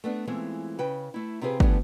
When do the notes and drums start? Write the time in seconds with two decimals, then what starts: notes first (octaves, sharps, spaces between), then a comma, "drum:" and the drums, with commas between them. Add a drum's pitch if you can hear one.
0.04 A3 B3 D4
0.27 E3 G#3 A3 C4 F4
0.79 C#3 B4 G5
1.14 A3 E4
1.41 C3 C4 F4 G4 G#4 B4
1.60 E3 F3 A3 B3 D4 G4, drum: kick